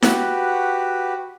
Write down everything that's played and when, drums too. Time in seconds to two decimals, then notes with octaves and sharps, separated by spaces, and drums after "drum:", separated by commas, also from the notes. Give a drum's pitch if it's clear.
0.02 F#4 G4 B4, drum: snare E4